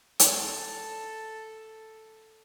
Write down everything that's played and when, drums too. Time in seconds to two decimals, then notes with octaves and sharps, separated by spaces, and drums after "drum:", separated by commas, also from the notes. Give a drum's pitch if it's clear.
0.20 A4 A5, drum: hi-hat